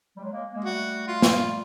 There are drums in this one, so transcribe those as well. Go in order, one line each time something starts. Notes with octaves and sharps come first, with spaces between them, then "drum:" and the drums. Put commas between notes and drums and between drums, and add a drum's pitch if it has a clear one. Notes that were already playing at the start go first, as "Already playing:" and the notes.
G3
F#3 G#3
G#3 A#3
G#3 A#3
G3 A3 F#4
F4
drum: snare